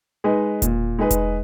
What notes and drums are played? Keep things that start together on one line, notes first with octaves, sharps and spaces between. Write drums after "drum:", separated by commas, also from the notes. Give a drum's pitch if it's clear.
G#3 D#4 G#4 B4
A#2, drum: kick E1, hi-hat
G#3 D#4 G#4 B4
drum: kick E1, hi-hat